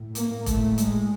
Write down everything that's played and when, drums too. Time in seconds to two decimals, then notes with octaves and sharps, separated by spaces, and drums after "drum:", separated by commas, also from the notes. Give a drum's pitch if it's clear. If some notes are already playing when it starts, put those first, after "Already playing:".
Already playing: A2
0.15 A#3, drum: hi-hat
0.46 A2 A3, drum: kick E1, hi-hat
0.78 G#3, drum: hi-hat